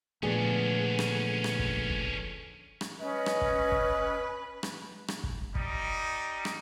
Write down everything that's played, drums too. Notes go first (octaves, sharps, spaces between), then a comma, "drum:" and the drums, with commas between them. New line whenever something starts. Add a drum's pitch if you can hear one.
A#2 D3 F3 A3 B3 C#4 D4 G#4
drum: rim click
drum: rim click
drum: kick
drum: kick
drum: rim click
C#4 B4 D#5
drum: rim click
drum: kick
drum: kick
drum: rim click
drum: rim click
drum: kick
G3 D#4, drum: kick
drum: rim click